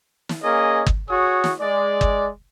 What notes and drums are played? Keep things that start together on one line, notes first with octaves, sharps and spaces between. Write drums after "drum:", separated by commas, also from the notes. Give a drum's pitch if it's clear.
drum: snare
A#3 C#4 G#4 D#5
drum: kick
F#4 G#4 C#5 D#6
drum: snare
G#3 D5
drum: kick